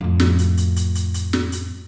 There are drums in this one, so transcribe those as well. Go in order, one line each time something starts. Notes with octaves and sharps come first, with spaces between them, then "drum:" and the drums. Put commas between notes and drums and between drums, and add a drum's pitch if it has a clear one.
F2 A2
drum: snare
drum: hi-hat
drum: hi-hat
drum: hi-hat
drum: hi-hat
drum: hi-hat
drum: snare
drum: hi-hat